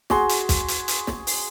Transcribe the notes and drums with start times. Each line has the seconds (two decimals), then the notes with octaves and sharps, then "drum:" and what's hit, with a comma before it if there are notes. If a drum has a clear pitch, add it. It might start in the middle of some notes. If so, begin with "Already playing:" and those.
0.10 F#4 G#4 C6, drum: snare
0.29 drum: hi-hat
0.49 drum: kick, hi-hat
0.68 drum: hi-hat
0.88 drum: hi-hat
1.07 drum: snare
1.27 drum: open hi-hat